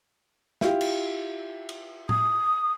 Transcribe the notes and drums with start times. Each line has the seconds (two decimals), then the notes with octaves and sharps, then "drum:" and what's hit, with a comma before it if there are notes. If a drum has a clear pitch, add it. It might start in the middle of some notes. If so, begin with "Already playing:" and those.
0.61 E4 F4 G4, drum: snare
0.81 drum: cymbal
1.69 drum: cymbal
2.09 D#6, drum: tom A2